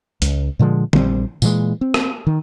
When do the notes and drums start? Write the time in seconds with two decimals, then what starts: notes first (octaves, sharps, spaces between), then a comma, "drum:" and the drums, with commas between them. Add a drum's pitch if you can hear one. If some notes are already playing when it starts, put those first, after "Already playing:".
0.22 C#2, drum: hi-hat
0.59 A#2 D3 F3 G#3
0.93 A#1 G3 C4, drum: tom
1.42 A#2 E3 G#3, drum: tambourine
1.81 C4
1.94 drum: rim click
2.27 D#3